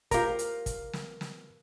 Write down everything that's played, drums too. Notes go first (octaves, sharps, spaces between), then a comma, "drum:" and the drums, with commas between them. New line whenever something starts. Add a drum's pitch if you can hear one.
F4 G4 A#4 A#5, drum: kick, hi-hat
drum: hi-hat
drum: kick, hi-hat
drum: snare
drum: snare